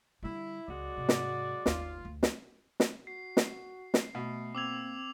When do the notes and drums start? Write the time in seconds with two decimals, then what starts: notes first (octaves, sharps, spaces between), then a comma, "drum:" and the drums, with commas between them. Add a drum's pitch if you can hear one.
0.23 D3 G3 E4
0.68 C#2 F#3 G#3 F#4 D5
0.97 G#2 C3
1.09 drum: snare
1.66 G1 D#2 F4, drum: snare
2.05 D2
2.23 drum: snare
2.80 drum: snare
3.07 F#4 C7
3.37 drum: snare
3.94 drum: snare
4.15 B2 A3
4.55 A#3 C4 D6 E6 G#6 F7